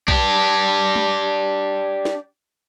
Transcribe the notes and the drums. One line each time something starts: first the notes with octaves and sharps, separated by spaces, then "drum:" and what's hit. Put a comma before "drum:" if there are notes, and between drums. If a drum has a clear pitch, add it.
D4 G4, drum: kick B1
drum: tom G#3
drum: snare